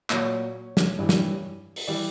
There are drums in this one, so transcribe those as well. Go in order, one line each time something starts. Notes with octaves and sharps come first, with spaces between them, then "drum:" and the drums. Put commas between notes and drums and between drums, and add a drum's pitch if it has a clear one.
A#2 F#3 C#5, drum: clap
drum: snare
G2 E3 G3
drum: snare
drum: open hi-hat
E3 G3 D5